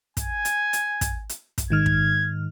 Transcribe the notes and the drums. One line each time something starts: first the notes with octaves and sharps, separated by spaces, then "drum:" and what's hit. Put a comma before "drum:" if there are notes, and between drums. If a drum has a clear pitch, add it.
G#5, drum: kick, hi-hat
drum: hi-hat
drum: hi-hat
drum: kick, hi-hat
drum: hi-hat
drum: kick, hi-hat
G#2 D#3 F6 G#6
drum: kick